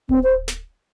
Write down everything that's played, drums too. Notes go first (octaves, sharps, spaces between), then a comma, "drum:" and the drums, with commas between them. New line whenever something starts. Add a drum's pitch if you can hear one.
C4, drum: kick D1
C5
drum: snare